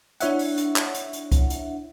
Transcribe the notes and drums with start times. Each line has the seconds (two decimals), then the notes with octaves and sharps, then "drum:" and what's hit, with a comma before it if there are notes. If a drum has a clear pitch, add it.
0.20 D4 E4 C#5 E5 F#5, drum: hi-hat
0.39 drum: open hi-hat
0.57 drum: hi-hat
0.76 drum: clap
0.95 drum: hi-hat
1.13 drum: hi-hat
1.32 drum: kick C2, hi-hat
1.50 drum: hi-hat